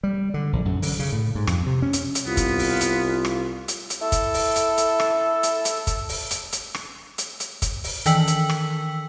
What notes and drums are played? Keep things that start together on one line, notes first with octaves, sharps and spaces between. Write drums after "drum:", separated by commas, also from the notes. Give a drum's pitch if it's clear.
G3
D3
A#1
F#2
D3, drum: open hi-hat
C#3
A2
G#2
F2, drum: rim click
C3
C#4
drum: hi-hat
drum: hi-hat
C2 B3 F4
drum: kick, hi-hat
drum: open hi-hat
drum: hi-hat
drum: rim click
drum: hi-hat
drum: hi-hat
E4 A4
drum: kick, hi-hat
drum: open hi-hat
drum: hi-hat
drum: hi-hat
drum: rim click
drum: hi-hat
drum: hi-hat
drum: kick, hi-hat
drum: open hi-hat
drum: hi-hat
drum: hi-hat
drum: rim click
drum: hi-hat
drum: hi-hat
drum: kick, hi-hat
drum: open hi-hat
D#3 E3 G5 E6 B6 F#7, drum: hi-hat
drum: hi-hat
drum: rim click